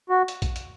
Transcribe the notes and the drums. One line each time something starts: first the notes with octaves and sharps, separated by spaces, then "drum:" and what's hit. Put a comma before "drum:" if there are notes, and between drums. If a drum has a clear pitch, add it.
F#4
drum: hi-hat
drum: kick, hi-hat
drum: hi-hat